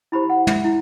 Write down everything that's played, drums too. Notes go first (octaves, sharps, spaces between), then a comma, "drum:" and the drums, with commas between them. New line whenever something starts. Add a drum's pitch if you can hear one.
E4 G4 C5 B5
F#5
E5, drum: tom
E4